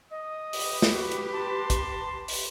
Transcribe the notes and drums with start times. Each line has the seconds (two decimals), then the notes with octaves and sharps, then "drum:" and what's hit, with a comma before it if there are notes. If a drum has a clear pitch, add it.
0.11 D#5 D#6
0.53 G4 B4, drum: open hi-hat
0.82 drum: snare
0.93 F#4
1.12 drum: hi-hat
1.33 A5 C6
1.70 drum: kick, hi-hat
2.28 drum: open hi-hat